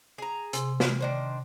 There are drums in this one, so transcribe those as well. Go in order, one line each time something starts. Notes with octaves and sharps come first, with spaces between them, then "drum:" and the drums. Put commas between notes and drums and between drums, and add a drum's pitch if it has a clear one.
G#4 A#5
C3 G#5 C6, drum: hi-hat
drum: snare
D#3 D4 C5